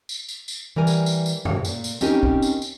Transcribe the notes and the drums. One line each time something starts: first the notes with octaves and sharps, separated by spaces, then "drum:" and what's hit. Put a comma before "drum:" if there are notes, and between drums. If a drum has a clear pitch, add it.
drum: tambourine
drum: tambourine
drum: tambourine
E3 G3 A#4 G#5
drum: tambourine
drum: tambourine
drum: tambourine
drum: tom F#2
A#2, drum: tambourine
drum: tambourine
C4 C#4 D#4 G4 A#4 G#5, drum: tambourine
drum: kick
drum: tambourine
drum: tambourine